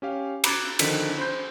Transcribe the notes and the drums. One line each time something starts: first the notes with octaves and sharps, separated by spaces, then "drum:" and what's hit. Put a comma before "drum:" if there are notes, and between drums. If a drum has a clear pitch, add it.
C#4 G4 F5
A#5 B5 D6 F#6 G#6 A6, drum: cymbal
D3 D#3 F3 B6, drum: cymbal
C5 B5 C6 G6